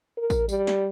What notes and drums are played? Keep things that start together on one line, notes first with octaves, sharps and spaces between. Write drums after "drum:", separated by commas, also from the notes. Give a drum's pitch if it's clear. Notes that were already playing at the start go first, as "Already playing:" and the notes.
A#4
drum: kick A1, tambourine
G3, drum: tambourine
drum: snare